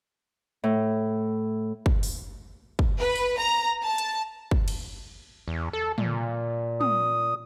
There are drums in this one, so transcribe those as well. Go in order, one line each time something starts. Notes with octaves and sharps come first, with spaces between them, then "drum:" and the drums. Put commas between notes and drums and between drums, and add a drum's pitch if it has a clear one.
A2
drum: kick
drum: open hi-hat
drum: kick
B4
drum: tambourine
A#5
A5
drum: hi-hat
drum: kick
drum: cymbal
E2
A4
A#2, drum: tom
D#6, drum: tom